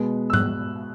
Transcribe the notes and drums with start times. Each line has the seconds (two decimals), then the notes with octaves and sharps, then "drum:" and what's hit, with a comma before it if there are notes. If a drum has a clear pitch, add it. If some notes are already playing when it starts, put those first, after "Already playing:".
Already playing: B2 G#3 B3
0.30 E6
0.33 F#6, drum: tom G#2